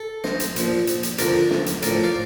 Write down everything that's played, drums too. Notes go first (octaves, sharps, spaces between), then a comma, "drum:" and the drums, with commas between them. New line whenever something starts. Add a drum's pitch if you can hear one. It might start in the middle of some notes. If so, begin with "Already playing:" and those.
Already playing: A4
C5 D#5, drum: snare
drum: hi-hat
A#2 F3, drum: hi-hat
drum: hi-hat
drum: hi-hat
F2 D3 F3 A#4 D5, drum: hi-hat
drum: snare
drum: hi-hat
A2 F3 A#4 D5, drum: hi-hat
D5 F5